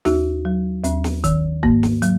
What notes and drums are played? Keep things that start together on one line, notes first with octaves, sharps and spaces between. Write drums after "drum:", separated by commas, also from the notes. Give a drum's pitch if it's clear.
D#2 D#4 F#4, drum: snare
F#3
D#2 C4, drum: hi-hat
drum: snare
D#3, drum: kick, hi-hat
G#2 A#3, drum: kick
drum: snare
F#3, drum: hi-hat